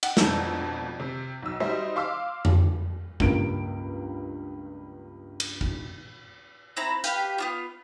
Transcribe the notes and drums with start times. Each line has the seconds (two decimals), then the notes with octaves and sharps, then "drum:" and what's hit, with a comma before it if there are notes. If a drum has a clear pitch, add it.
0.03 F#5 G5, drum: cymbal
0.17 F2 B2 D4 A#5 E6 G6, drum: snare
1.00 C3
1.42 B1 E6
1.60 G3 D#4 F#4 C5 D#5 E5
1.96 F5 C6 D6 E6
2.45 drum: tom F2
3.20 C#2 G2 A#3 D7, drum: kick
5.40 drum: cymbal
5.61 drum: kick
6.77 C4 E4 A#5 B5
7.04 G4 B4 F5 G5, drum: hi-hat
7.38 B3 D4 F4